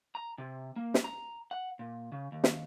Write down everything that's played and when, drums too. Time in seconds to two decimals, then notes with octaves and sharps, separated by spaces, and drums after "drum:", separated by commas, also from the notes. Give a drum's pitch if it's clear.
0.15 A#5
0.38 C3
0.76 A#3
0.94 drum: snare
1.04 A#5
1.51 F#5
1.79 A#2
2.12 C#3
2.32 D#2
2.44 drum: snare